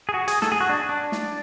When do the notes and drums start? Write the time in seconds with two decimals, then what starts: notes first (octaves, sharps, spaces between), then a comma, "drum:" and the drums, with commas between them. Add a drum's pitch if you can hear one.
0.09 G#4
0.14 F#4
0.28 G#4, drum: hi-hat
0.42 A4, drum: snare
0.52 G#4
0.60 F#4
0.69 D4
0.89 D4
1.12 drum: snare